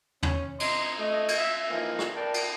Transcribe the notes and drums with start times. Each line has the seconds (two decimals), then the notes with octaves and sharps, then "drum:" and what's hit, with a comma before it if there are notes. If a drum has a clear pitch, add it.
0.23 C#4, drum: tom
0.60 D#5 E5 A#5 C6, drum: cymbal
0.99 A3 D#5
1.28 drum: cymbal
1.38 E5
1.70 E3 F3 A#3 D#4 E4 A#4
1.99 drum: rim click
2.15 A#4 B4 D5 G5 A5
2.34 drum: cymbal